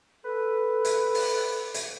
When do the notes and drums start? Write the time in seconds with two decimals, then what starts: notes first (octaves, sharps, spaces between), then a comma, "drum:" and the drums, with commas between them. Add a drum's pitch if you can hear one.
0.25 A4 B4
0.85 drum: hi-hat
1.15 drum: open hi-hat
1.74 drum: hi-hat